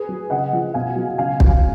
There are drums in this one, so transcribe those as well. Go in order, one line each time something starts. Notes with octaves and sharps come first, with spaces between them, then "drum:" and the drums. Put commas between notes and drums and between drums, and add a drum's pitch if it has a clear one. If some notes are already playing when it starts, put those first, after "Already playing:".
Already playing: G#4 B4
F#3
C#3 D#5 F#5
F3
B2 F5 G#5
F#3
C#3 F5 G#5
F#3, drum: kick